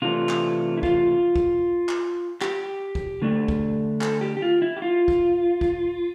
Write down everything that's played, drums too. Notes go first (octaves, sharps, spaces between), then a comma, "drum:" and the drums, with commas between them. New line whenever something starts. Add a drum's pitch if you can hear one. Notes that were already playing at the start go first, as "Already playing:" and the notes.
C3 E3 A3 D4 F4
drum: clap
E4
F4, drum: kick
drum: kick
drum: clap
G4, drum: clap
drum: kick
D3 A3 D4
drum: kick
A4, drum: clap
G4
G4
F4
E4
G4
F4
drum: kick
drum: kick